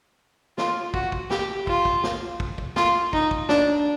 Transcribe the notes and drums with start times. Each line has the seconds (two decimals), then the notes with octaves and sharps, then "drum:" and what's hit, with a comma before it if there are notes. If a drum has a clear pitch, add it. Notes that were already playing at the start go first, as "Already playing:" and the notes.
0.58 F4, drum: snare
0.94 F#4, drum: kick
1.12 drum: kick
1.30 G4, drum: snare
1.67 F4, drum: kick
1.85 drum: kick
2.03 drum: snare
2.40 drum: kick
2.58 drum: kick
2.76 F4, drum: snare
3.13 D#4, drum: kick
3.31 drum: kick
3.49 D4, drum: snare